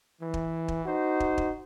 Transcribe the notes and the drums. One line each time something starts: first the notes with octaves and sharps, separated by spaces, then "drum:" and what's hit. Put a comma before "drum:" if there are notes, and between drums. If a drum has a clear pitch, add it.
E3
drum: kick
drum: kick
D#4 F#4 C5
drum: kick
drum: kick